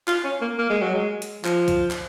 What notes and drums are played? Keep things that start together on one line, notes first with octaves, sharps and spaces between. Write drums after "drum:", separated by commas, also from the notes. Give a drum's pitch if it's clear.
F4, drum: clap
C#4
A#3
A#3
G#3
F#3
G#3
drum: hi-hat
F3, drum: clap
drum: kick, hi-hat
drum: clap